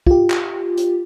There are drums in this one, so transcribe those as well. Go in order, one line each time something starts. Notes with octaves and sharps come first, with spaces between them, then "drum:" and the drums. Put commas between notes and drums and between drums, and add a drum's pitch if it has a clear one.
F4 G4, drum: kick
drum: clap
drum: hi-hat